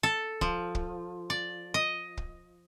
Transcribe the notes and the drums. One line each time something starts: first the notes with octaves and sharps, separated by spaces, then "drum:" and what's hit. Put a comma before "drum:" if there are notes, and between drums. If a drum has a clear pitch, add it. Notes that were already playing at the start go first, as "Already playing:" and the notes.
A4
F3, drum: kick
drum: kick
D5
D#5
drum: kick